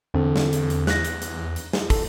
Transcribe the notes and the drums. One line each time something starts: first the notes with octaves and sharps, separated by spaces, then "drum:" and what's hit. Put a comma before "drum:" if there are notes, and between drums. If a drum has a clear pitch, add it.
E2 D3 C4 A4
drum: snare
drum: hi-hat
drum: hi-hat
F#6 A#6, drum: snare
drum: hi-hat
drum: hi-hat
drum: hi-hat
drum: snare
A4, drum: kick, open hi-hat